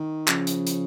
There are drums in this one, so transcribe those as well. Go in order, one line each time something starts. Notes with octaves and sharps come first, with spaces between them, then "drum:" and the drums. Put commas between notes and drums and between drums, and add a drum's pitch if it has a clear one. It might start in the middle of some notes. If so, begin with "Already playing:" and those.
Already playing: D#3
C#3 F3, drum: clap
drum: hi-hat
drum: hi-hat